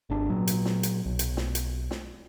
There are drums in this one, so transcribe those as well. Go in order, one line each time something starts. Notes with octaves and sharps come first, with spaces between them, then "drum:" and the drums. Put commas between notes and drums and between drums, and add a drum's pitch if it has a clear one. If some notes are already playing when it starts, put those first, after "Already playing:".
G#1 D4
A#2 F#3
drum: hi-hat
drum: snare
drum: hi-hat
B1
drum: hi-hat
drum: snare
drum: hi-hat
drum: snare